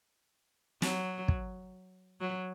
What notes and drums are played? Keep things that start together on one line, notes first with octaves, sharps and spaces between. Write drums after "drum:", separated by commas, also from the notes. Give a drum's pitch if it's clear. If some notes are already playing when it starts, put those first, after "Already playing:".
F#3, drum: snare
drum: kick
F#3